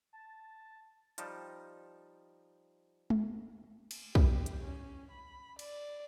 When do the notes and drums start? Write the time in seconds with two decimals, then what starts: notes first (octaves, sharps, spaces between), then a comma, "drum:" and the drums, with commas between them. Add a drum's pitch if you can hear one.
0.13 A5
1.18 F3 G3 D#4 G5 A5, drum: hi-hat
3.10 drum: tom G#3
3.91 drum: cymbal
4.15 G4, drum: kick
4.46 drum: hi-hat
4.62 C#4
5.11 B5
5.59 D5, drum: cymbal